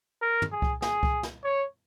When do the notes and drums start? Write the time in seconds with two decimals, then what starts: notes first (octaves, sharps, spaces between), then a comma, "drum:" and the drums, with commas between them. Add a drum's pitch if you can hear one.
0.22 A#4
0.42 drum: tom
0.52 G#4
0.62 drum: kick C2
0.82 G#4, drum: snare
1.03 drum: kick C2
1.23 drum: snare
1.44 C#5